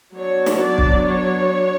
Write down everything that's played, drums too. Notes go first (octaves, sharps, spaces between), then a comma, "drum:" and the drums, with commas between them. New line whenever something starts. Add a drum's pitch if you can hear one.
F#3 B3 D4 C#5
drum: snare
D5
drum: kick
C#5